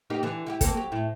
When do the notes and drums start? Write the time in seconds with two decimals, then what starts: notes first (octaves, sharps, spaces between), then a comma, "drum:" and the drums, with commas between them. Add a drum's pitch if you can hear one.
0.10 A#3 D#4 G4
0.23 D3 E3
0.47 E4 F#4 G4
0.61 A#3 C4 A4, drum: kick, hi-hat
0.74 F#3 G4
0.92 A2 E4